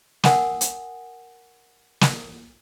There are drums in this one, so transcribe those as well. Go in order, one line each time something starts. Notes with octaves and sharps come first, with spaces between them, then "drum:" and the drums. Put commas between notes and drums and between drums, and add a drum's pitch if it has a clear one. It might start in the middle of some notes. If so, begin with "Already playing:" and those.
A#4 F#5 G#5 A5 D#6, drum: snare
drum: hi-hat
drum: snare